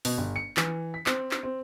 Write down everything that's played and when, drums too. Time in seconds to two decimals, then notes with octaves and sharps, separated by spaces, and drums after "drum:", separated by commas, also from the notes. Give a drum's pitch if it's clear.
0.05 B2, drum: open hi-hat
0.18 G1
0.36 C#7
0.57 E3, drum: clap
0.94 B6
1.06 C4, drum: clap
1.31 drum: clap
1.43 C4